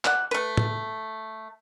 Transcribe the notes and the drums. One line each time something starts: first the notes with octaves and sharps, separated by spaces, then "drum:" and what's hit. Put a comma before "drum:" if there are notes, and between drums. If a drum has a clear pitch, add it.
D5 F#5, drum: clap
A3 B4
drum: tom